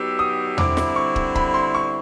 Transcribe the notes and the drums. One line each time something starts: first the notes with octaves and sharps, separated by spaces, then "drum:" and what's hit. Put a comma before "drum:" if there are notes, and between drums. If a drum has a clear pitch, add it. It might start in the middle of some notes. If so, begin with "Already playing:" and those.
Already playing: F#3 B3 D#4 G4 E6
D#6
D3 G3 C4 E4 D6, drum: tom E2
drum: snare
D6
C#6
drum: kick
B5, drum: kick
C6
C#6